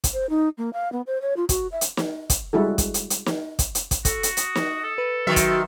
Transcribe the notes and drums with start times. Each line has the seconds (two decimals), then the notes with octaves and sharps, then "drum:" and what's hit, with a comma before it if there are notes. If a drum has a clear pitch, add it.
0.04 drum: kick, hi-hat
0.13 C5
0.30 D#4
0.58 A#3
0.73 F5
0.92 B3
1.07 C5
1.22 C#5
1.37 F4
1.49 F#4, drum: kick, hi-hat
1.72 E5
1.81 drum: hi-hat
1.97 drum: snare
2.30 drum: kick, hi-hat
2.53 G3 G#3 E4 F#4 A4
2.78 drum: kick, hi-hat
2.94 drum: hi-hat
3.10 drum: hi-hat
3.26 drum: snare
3.59 drum: kick, hi-hat
3.75 drum: hi-hat
3.91 drum: kick, hi-hat
4.05 F#4 A4, drum: kick, hi-hat
4.23 drum: hi-hat
4.37 D#6, drum: hi-hat
4.55 drum: snare
4.84 A4
4.98 B4
5.27 D#3 F#3 F#4 E5 C6
5.36 drum: kick, hi-hat